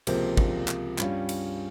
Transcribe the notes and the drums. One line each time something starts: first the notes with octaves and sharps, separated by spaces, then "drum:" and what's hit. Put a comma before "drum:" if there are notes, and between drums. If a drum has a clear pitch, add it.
C#2 C3 F3 A#3, drum: cymbal
drum: kick
drum: clap
G2 G3 C#4 F4, drum: clap
drum: cymbal